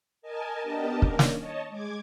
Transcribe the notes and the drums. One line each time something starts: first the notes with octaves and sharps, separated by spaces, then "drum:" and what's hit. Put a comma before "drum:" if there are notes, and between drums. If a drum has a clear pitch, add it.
A#4 D#5 G#5 A5
B3 D4 G4 A#4 D#5 A5
D#3 A#3 C#4 D4 A#4, drum: kick
drum: snare
C#5 D#5 A5
G#3 D6 G#6